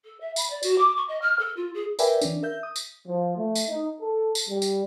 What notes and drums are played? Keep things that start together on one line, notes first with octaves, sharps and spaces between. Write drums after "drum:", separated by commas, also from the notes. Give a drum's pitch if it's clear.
A4
E5
B5, drum: tambourine
D5
F#4, drum: tambourine
D6
C#6
D#5
F6
A4
F4
G#4
A#4 B4 D5 E5 G5 G#5, drum: tambourine
E3 C#4 D4, drum: tambourine
A#4 E5 G6
D#6
drum: tambourine
F3
A3
drum: tambourine
D#4
A4
drum: tambourine
G3
drum: tambourine